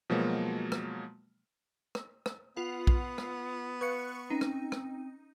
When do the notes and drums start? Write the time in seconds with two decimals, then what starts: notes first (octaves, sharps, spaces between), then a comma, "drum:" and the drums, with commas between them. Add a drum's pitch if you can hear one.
0.10 B2 F3 F#3 G#3 A#3
0.72 drum: rim click
1.95 drum: rim click
2.26 drum: rim click
2.57 B3 F4 F#5
2.87 drum: kick
3.18 drum: rim click
3.81 B4 F5 C#6 F#6 C#7
4.30 C4 C#4 D#4
4.41 drum: rim click
4.72 drum: rim click